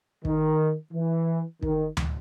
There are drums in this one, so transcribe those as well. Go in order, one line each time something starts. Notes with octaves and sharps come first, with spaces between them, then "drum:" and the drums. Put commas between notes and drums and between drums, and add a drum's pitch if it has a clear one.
D#3, drum: kick
E3
D#3, drum: kick
drum: tom D2